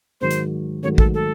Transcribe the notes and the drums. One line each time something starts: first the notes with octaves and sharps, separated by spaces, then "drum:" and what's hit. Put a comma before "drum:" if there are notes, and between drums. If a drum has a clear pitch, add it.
G#2 D#3 F#3 C5
drum: hi-hat
G#2 D#3 F#3 A3 C#5
A4, drum: kick A1
A4